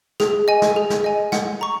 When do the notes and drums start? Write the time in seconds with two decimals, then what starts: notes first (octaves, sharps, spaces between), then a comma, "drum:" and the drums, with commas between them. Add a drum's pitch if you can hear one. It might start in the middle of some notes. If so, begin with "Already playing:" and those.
0.20 G#4, drum: snare
0.48 D#5 G#5
0.62 drum: snare
0.76 G#4
0.90 drum: snare
1.04 D#5 G#5
1.32 F#5, drum: snare
1.61 A#5 C#6